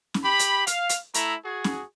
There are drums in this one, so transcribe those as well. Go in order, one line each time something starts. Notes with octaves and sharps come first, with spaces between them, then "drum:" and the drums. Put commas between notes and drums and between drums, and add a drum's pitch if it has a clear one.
drum: snare C#4
G4 B5
drum: hi-hat
F5, drum: hi-hat
drum: hi-hat
A3 E4 A#5, drum: hi-hat
F#4 G#4
drum: snare C#4